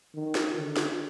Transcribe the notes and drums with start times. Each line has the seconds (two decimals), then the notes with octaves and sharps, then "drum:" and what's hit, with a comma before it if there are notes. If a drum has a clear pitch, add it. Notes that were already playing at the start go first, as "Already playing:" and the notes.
0.15 D#3
0.35 drum: snare
0.55 D3
0.76 drum: snare